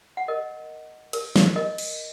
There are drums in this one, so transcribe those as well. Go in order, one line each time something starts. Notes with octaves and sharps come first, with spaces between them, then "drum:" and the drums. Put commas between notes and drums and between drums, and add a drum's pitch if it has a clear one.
F#5
A#4 D#5
A#4, drum: cymbal
drum: snare
A#4 D#5
drum: cymbal